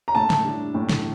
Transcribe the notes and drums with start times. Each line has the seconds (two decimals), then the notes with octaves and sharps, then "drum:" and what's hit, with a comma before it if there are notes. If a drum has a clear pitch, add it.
0.08 A#5
0.15 A2 A5
0.30 drum: snare
0.44 G3 D4
0.74 A2
0.89 drum: snare